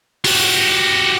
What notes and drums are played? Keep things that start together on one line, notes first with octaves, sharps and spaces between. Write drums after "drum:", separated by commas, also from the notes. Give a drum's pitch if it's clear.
F#4 G4, drum: open hi-hat